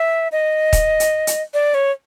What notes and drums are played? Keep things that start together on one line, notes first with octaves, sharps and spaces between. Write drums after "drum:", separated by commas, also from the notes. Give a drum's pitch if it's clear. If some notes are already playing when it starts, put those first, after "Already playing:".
Already playing: E5
D#5
drum: kick, hi-hat
drum: hi-hat
drum: hi-hat
D5
C#5